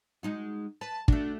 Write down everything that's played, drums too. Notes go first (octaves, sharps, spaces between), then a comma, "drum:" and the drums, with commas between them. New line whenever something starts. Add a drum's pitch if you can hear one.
G#3 D#4 F#4
B4 A5
A3 D4 F#4, drum: kick